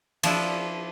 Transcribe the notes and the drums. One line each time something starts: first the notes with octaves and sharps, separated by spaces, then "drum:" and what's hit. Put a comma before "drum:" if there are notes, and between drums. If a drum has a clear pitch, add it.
F3 D4 E4, drum: cymbal